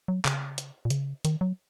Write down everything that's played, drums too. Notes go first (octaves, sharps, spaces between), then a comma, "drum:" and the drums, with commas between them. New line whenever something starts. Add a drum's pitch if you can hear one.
F#3
C#3, drum: clap
drum: hi-hat
A#2
C#3, drum: hi-hat
D#3, drum: hi-hat
F#3